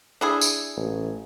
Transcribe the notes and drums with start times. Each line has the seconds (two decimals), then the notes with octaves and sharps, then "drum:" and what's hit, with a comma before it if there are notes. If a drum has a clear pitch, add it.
0.21 D4 E4 G#4
0.41 drum: tambourine
0.76 A1